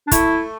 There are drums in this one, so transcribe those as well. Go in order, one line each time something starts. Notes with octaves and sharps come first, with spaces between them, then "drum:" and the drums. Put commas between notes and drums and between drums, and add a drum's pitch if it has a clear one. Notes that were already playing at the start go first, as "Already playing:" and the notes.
D4
A3 E4, drum: kick, hi-hat